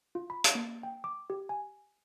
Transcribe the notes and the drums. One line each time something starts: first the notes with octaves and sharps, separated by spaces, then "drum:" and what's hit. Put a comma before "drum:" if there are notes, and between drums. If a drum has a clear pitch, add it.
F4
B5
drum: hi-hat
A#3
G5
D6
G4
G#5